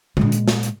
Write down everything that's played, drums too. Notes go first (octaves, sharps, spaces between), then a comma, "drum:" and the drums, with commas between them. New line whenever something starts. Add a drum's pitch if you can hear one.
A#2 G#3, drum: tom D3
drum: hi-hat
drum: snare
drum: hi-hat